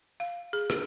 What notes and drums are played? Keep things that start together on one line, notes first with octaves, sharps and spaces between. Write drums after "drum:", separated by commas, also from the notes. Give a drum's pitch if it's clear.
F5
G#4
drum: rim click